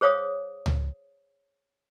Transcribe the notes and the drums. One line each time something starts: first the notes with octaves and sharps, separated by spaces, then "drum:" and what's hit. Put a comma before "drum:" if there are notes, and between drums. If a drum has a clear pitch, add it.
G#4 C5 C#5 F5 D#6
drum: tom C#2